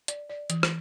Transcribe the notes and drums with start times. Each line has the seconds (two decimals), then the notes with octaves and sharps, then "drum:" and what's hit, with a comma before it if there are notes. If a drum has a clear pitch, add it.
0.08 D5, drum: hi-hat
0.30 D5
0.50 E3, drum: hi-hat
0.63 drum: rim click